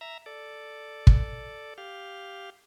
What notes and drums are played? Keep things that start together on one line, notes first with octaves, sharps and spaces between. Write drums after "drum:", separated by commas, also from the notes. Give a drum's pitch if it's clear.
E5 A#5
A4 D5
drum: kick
G4 F5